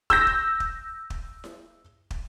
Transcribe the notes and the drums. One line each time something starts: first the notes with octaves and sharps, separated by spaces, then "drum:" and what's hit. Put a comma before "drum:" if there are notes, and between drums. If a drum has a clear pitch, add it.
E6 G6 A#6, drum: kick
drum: kick
drum: kick
drum: kick
drum: snare E4
drum: kick